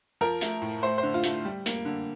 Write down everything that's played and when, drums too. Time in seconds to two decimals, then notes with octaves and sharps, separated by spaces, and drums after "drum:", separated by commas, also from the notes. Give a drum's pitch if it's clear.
0.21 F3 A#4
0.41 A3, drum: hi-hat
0.62 A2
0.82 A3 C5
0.98 C5
1.03 D3
1.14 F4
1.23 A3, drum: hi-hat
1.45 G3
1.66 A#3, drum: hi-hat
1.85 D3